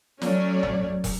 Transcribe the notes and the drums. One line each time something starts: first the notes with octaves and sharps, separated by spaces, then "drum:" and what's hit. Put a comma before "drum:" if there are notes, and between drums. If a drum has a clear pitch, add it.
F#3 A3 C#4 C#5 D5, drum: snare
drum: tom A#1
drum: kick, open hi-hat